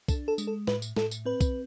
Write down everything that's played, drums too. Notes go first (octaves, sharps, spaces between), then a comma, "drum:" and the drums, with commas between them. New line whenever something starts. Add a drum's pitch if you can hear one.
D4 A4, drum: kick B1, tambourine
A4
G#3, drum: tambourine
A4
A2 B4, drum: snare
drum: tambourine
A2 A4, drum: snare
drum: tambourine
C4 B4
drum: kick B1, tambourine